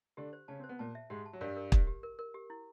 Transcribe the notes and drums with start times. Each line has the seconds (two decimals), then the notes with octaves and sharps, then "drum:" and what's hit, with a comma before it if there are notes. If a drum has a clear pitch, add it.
0.17 D3 D4 G4
0.33 C5
0.48 C#3 C#4 A5
0.59 C4 C5
0.69 B3
0.79 A#2 A#3 A5
0.95 E5
1.10 G#2 G#3 G4
1.26 A5
1.33 F#3
1.41 G2 G3 A#4
1.57 A#4
1.72 G4, drum: kick
1.87 G4
2.03 A#4
2.19 A#4
2.34 G4
2.50 E4